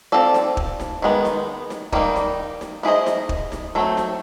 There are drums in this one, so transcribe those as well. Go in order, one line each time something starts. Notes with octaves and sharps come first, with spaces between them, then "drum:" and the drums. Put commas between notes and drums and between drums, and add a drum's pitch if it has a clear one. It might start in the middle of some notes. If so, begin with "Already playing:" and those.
C4 F4 A4 D5
drum: snare D#4
drum: kick
drum: snare D#4
D#3 G#3 B3
drum: snare D#4
drum: snare D#4
D#3 G3 A#3 D#4, drum: kick
drum: snare D#4
drum: snare D#4
B3 E4 G#4 C5 D#5
drum: snare D#4
drum: kick
drum: snare D#4
F#3 A3 C4
drum: snare D#4